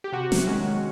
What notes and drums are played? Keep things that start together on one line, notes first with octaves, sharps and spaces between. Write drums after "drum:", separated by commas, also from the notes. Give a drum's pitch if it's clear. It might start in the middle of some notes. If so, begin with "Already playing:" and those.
G4
C3 F#4
drum: snare
D#3 G#3 C#4